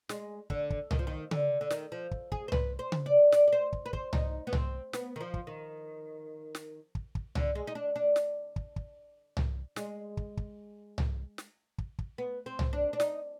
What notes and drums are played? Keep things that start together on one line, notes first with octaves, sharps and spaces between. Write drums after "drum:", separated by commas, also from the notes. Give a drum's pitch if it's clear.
G#3, drum: snare
D3, drum: kick
drum: kick
D#3, drum: tom C2
F3
D#3
D3, drum: tom C#3
D3
D#3, drum: snare
F3
drum: kick
G#4, drum: kick
C5
B4, drum: tom C2
C5
drum: tom C#3
D5
D5, drum: snare
D5
C5
drum: kick
B4
C5, drum: kick
D#4, drum: tom C2
B3
C4, drum: tom C2
B3, drum: snare
D#3
F3
drum: kick
D#3
drum: snare
drum: kick
drum: kick
D3, drum: tom C2
G#3
D#4
D4
D4
drum: snare
drum: kick
drum: kick
drum: tom C2
G#3, drum: snare
drum: kick
drum: kick
drum: tom C2
drum: snare
drum: kick
drum: kick
B3
C4
drum: tom C2
D4
D4
D#4, drum: snare